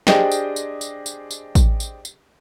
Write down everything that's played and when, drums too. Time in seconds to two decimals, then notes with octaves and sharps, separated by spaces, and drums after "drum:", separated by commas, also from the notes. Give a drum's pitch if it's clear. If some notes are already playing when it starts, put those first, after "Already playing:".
0.07 D4 G4 G#4 C5 D#5 G5, drum: snare
0.32 drum: tambourine
0.56 drum: tambourine
0.81 drum: tambourine
1.06 drum: tambourine
1.31 drum: tambourine
1.55 drum: kick A1, tambourine
1.80 drum: tambourine
2.05 drum: tambourine